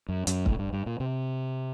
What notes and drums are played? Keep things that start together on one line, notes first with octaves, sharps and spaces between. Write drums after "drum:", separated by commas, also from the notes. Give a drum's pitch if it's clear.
F#2
F#2, drum: hi-hat
A2, drum: kick C#1
G2
G2
A#2
C3